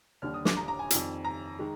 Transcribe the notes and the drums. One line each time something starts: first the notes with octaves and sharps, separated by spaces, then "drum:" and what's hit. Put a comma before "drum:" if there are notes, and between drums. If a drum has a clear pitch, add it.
D#2 D3 G3 F6
D#6
D6, drum: snare
A#5
A#5
G#5
F2 D#3 G3, drum: hi-hat
A#5
D#3 G#3